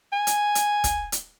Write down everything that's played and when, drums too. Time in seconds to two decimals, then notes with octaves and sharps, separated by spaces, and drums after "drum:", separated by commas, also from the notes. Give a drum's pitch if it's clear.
0.12 G#5
0.27 drum: hi-hat
0.55 drum: hi-hat
0.84 drum: kick, hi-hat
1.12 drum: hi-hat